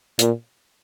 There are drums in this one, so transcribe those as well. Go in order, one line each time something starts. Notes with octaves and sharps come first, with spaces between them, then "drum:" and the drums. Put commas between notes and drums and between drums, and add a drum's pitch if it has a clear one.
A#2, drum: hi-hat